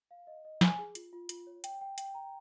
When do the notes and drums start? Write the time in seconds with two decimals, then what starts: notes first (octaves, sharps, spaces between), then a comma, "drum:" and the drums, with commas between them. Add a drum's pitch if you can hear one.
0.11 F5
0.27 D#5
0.45 D#5
0.61 G#5, drum: snare
0.79 G#4
0.95 F4, drum: hi-hat
1.13 F4
1.29 F4, drum: hi-hat
1.47 C#5
1.64 G5, drum: hi-hat
1.81 G5
1.98 G5, drum: hi-hat
2.14 A#5